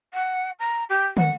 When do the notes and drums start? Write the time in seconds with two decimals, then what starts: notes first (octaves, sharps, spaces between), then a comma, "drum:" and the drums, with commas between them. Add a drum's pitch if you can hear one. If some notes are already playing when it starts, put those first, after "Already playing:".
0.14 F#5
0.59 A#5
0.89 G4
1.17 F#5, drum: tom